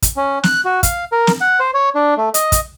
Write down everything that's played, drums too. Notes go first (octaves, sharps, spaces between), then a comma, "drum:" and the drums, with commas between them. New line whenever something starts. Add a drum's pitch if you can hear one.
drum: kick, hi-hat
C#4
F#6, drum: snare
F#4
F5, drum: kick, hi-hat
A#4
drum: snare
F#5
C5
C#5
D4
A3
D#5, drum: hi-hat
drum: kick, hi-hat